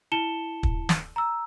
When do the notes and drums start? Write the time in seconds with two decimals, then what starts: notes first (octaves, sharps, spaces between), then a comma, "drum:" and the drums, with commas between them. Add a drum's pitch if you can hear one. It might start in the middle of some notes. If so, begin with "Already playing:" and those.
0.12 E4 A5 C#7 E7 G7
0.63 drum: kick
0.89 drum: snare
1.16 A#5 E6